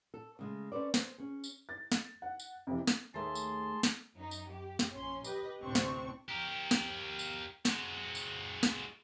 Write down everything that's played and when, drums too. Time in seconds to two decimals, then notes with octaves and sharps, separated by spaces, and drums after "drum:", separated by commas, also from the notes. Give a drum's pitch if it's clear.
0.14 A4
0.39 C#3 G#3 A3
0.72 C#4 A4 B4 C5 D5
0.94 C5, drum: snare
1.18 C#4 G#4
1.44 drum: tambourine
1.69 A6
1.92 drum: snare
2.22 F#5
2.40 drum: tambourine
2.67 F2 C3 E3
2.87 drum: snare
3.14 D#2 A3 G#4 A5 C6
3.35 drum: tambourine
3.83 drum: snare
4.16 F#2 D#4
4.31 drum: tambourine
4.50 G4
4.79 drum: snare
4.90 A#1 C#4 C6
5.24 G4 B4 D#5, drum: tambourine
5.60 A1 D2 C3 C4 D4 C#6
5.75 drum: snare
6.29 G4 A#4
6.71 drum: snare
7.19 drum: tambourine
7.65 G#3 F#4, drum: snare
8.15 drum: tambourine
8.63 drum: snare